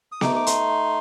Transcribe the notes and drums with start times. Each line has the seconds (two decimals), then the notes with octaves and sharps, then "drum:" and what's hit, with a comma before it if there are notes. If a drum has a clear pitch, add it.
0.12 D#6
0.21 A3 D#4 D6, drum: snare B3
0.36 D6
0.47 C6, drum: hi-hat